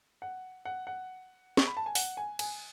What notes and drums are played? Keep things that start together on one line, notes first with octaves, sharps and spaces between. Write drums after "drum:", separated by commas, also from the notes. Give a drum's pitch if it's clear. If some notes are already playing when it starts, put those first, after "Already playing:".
F#5
F#5
F#5
C#6, drum: snare
B5
A5
G#5
F#5, drum: open hi-hat
G#5
G#5, drum: cymbal